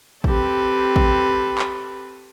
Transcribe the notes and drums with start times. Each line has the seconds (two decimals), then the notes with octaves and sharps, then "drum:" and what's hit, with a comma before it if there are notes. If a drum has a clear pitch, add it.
0.24 C4 G4 A4 B4, drum: kick
0.96 drum: kick
1.59 drum: clap